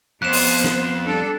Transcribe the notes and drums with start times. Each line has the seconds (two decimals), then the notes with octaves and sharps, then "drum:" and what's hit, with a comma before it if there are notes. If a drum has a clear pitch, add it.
0.22 F2 B3 C5 F#6 E7
0.33 drum: open hi-hat
0.64 drum: snare
1.05 G3 D4 A4